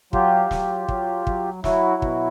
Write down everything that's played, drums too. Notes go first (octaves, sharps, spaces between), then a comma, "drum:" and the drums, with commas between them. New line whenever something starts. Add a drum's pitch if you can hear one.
F#3 F4 G4, drum: kick
F#3, drum: snare
F#3, drum: kick
F#3, drum: kick
F#3 E4 F#4, drum: snare
B2, drum: kick